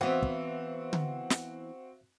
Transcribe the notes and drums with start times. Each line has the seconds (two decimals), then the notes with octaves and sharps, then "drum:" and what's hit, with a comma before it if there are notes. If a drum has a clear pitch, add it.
0.01 E3 B3 C4 F#4 C5 E5 F5
0.23 drum: kick
0.93 drum: tom D3
1.30 drum: snare